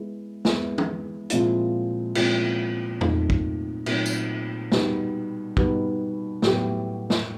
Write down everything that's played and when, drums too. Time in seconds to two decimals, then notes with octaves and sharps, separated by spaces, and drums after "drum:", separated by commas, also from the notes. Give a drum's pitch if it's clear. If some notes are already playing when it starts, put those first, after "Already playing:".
Already playing: G#3 B3 E4
0.45 G#3 B3 E4, drum: snare
0.78 drum: tom
1.30 A#2 F3 G#3 C4 E4, drum: hi-hat
2.15 A#2 F3 G#3 C4 E4, drum: cymbal
3.01 A#2 F#3 A3 C4 D#4, drum: tom E2
3.30 drum: kick
3.86 A#2 F#3 A3 C4 D#4, drum: cymbal
4.06 drum: tambourine
4.72 B2 G3 B3 D#4, drum: snare
5.57 B2 G3 B3 D#4, drum: kick
6.42 A2 F#3 B3 E4 G4, drum: snare
7.10 drum: snare